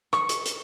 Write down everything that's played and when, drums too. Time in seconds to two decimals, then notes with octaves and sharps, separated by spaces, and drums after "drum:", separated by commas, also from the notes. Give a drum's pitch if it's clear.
0.13 C#6, drum: rim click
0.29 drum: hi-hat
0.46 drum: hi-hat